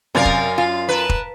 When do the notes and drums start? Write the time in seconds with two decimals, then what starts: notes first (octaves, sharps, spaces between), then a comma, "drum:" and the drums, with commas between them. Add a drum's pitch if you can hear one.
0.15 F#2 C3 C#4 A#4 D5 F5 A6
0.25 drum: kick F1
0.58 F4 F5
0.88 A#4 B4 A5
1.09 drum: kick F1